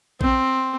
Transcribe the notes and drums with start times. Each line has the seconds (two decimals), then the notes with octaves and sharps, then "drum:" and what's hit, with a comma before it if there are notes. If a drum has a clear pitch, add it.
0.21 C4, drum: kick A#1